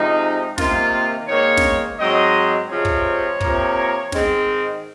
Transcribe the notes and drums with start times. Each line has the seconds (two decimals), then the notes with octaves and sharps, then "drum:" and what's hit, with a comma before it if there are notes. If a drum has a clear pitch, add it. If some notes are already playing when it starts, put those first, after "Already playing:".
Already playing: C3 F3 G#3 D#4
0.58 C3 D#3 A#3 F4, drum: snare
1.28 G#2 D#3 A#3 C#5
1.57 drum: snare
1.99 G#2 F#3 C4 D#5
2.70 C3 F3 G#3 C4 C#5
2.85 drum: kick
3.41 C3 F3 A#3, drum: kick
4.12 G#2 D#3 G#3 C4, drum: snare